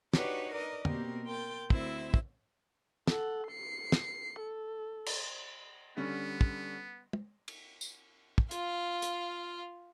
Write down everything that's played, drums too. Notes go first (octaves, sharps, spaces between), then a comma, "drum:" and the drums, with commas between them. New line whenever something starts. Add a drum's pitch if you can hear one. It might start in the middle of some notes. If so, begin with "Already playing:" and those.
D4 D#4 F#4 G4 B4 C#5, drum: snare
A#4 B4 D5 D#5
B2 A#3 C4 G4 A#4, drum: tom
A#4 G5 C6 G6 A6
D2 C4 E4 C5 E6, drum: kick
drum: kick
A4 F#5, drum: snare
C7 C#7
drum: snare
A4
drum: cymbal
D3 G3 B3 C#4
drum: kick
drum: tom
drum: cymbal
drum: tambourine
drum: kick
F4 F5, drum: hi-hat
drum: hi-hat